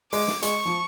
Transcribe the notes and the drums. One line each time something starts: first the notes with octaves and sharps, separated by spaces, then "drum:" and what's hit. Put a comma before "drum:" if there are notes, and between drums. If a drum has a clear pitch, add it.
G#3 D6, drum: open hi-hat
drum: snare
G#3 C#6, drum: hi-hat
F3